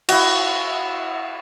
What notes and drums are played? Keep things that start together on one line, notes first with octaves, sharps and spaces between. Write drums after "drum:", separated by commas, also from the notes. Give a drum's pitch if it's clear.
E4 F#4, drum: cymbal